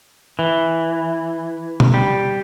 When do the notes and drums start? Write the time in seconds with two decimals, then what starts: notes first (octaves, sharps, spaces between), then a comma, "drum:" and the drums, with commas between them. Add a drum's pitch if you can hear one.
0.39 E3
1.80 drum: tom B2
1.94 G3